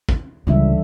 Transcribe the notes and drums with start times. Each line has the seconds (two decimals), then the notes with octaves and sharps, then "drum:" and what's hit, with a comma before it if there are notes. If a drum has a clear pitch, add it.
0.09 drum: kick
0.47 C#2 D3 E3 G3 D4 E5